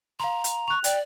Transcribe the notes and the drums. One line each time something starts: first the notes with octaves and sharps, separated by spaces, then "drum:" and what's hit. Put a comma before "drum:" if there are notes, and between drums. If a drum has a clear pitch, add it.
F5 A#5 C6
drum: hi-hat
C#6 F#6 F7
D5 G5, drum: hi-hat